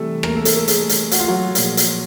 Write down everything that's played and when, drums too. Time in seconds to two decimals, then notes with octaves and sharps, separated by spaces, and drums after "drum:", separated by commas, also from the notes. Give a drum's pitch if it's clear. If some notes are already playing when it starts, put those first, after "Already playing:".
Already playing: C3 E3 G3 A3 A4
0.23 A#3 A#4, drum: rim click
0.35 A3 A4
0.41 A#4
0.45 A3 A4, drum: hi-hat
0.56 A3 A4
0.68 G#3 G#4, drum: hi-hat
0.89 drum: hi-hat
1.11 F#4, drum: hi-hat
1.20 F4
1.28 F#3 F#4
1.55 A#2 F3 G#3, drum: hi-hat
1.77 drum: hi-hat